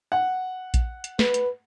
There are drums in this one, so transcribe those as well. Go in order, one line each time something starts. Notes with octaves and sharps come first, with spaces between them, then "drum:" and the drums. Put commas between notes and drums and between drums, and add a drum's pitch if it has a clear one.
F#5
drum: kick A#1, hi-hat
drum: hi-hat
B4, drum: snare
drum: hi-hat